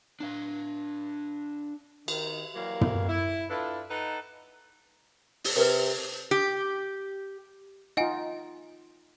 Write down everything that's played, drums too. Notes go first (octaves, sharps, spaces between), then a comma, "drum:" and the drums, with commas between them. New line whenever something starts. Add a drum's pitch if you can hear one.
D4 F5
D#3, drum: cymbal
E3 F#3 G3 A#3
drum: tom
E4
D4 E4 F4 A4 B4
D#4 A4 B4 F#5 A5 A#5
drum: open hi-hat
C3 A#4 B4
G4
D#4 F4 D#5 F#5 G#5